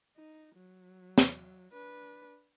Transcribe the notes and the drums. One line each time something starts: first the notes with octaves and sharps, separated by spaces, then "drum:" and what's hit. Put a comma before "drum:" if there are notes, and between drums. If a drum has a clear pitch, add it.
D#4
F#3
drum: snare
D4 B4